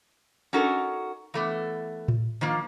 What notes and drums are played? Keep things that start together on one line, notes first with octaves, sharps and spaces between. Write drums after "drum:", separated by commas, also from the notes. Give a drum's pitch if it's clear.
C#4 D#4 F#4 A4 A#4
E3 A3 B3
drum: tom A2
D#3 F3 A#3